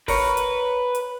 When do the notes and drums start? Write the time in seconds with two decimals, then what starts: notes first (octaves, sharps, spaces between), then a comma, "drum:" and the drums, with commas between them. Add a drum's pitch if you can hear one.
0.08 A#4 B4 C#5, drum: kick, open hi-hat
0.37 drum: hi-hat
0.95 drum: hi-hat